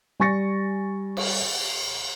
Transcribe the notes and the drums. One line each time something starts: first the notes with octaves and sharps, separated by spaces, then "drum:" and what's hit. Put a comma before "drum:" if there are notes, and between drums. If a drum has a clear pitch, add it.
G3 G#5 C#6 A6 A#6 C#7
drum: cymbal